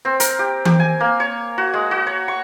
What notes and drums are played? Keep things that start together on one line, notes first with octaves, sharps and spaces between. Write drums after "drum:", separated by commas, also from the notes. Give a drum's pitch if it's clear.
C4
A#4, drum: hi-hat
G4
G4, drum: tom E3
G#5
A#3
C#5
F#4
G#3
F#4
C#5
C#6